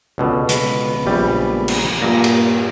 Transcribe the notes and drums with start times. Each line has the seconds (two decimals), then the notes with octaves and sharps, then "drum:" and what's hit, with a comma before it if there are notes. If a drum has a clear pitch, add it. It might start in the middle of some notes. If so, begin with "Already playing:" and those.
0.18 C#2 B2 D3
0.49 G#3 B3, drum: hi-hat
1.06 A#1 C#3 G3
1.68 drum: cymbal
2.02 G2 A#2 A#3 G4
2.24 drum: cymbal